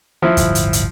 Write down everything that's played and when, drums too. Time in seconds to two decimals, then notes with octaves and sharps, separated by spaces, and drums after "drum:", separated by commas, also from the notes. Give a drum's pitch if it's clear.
0.22 F3 E4
0.37 D1 G1 G3, drum: hi-hat
0.55 drum: hi-hat
0.73 drum: hi-hat